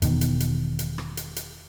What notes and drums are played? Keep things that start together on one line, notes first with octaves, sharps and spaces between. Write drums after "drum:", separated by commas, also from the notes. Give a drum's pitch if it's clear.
E1 B2 D#3, drum: hi-hat
drum: hi-hat
drum: hi-hat
drum: hi-hat
drum: rim click
drum: hi-hat
drum: hi-hat